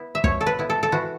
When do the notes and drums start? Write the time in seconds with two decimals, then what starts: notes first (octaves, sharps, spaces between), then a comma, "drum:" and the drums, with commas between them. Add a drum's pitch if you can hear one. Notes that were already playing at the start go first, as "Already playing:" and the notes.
Already playing: B3 E4
0.15 E5
0.24 B2 C#5, drum: kick
0.41 A4
0.47 B4
0.59 B3 E4
0.70 A4
0.83 A4
0.92 E3 F#4